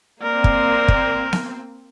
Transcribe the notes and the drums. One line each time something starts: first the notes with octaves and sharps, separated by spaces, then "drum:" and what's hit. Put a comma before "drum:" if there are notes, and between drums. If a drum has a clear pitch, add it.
A#3 C4 A#4 D5
drum: kick
drum: kick
drum: snare B3